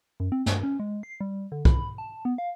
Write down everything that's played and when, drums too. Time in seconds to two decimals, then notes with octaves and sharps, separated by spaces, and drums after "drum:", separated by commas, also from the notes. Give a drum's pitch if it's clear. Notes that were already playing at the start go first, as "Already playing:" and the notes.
0.20 F#2
0.32 C4
0.46 G2, drum: snare
0.63 C#4
0.80 G#3
1.03 C7
1.21 G3
1.52 D3
1.65 B5, drum: kick
1.98 A5
2.25 B3
2.38 F5